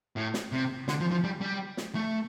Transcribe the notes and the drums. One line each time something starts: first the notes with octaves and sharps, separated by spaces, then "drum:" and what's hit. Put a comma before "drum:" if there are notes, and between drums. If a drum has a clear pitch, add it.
A2
drum: snare
C3
D3, drum: snare
F3
F3
G3
G3
drum: snare
A3